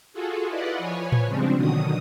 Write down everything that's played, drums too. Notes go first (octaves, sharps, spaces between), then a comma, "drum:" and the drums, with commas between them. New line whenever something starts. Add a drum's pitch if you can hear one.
F4 F#4 G#4 A4
E4 F4 B4 D5 D#5 F#5
F3 B4 C#5 G#5
drum: tom A2
C#3 F3 G3 G#3 C4 D4
B2 D3 D#3 F#3 D#6